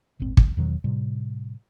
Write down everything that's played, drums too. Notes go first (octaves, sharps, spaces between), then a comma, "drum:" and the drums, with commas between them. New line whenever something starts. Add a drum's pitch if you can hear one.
D#1 G#1 A#2 C4
F#1 C#2, drum: kick
E2 B2 D#3 F#3
A2 C3 G3